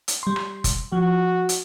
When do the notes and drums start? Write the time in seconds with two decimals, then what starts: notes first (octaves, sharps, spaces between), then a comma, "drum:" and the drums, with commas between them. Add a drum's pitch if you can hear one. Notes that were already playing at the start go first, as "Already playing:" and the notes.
0.08 drum: hi-hat
0.23 G3 C6
0.36 drum: rim click
0.64 drum: kick F#1, hi-hat
0.92 F3 F#4
1.49 drum: hi-hat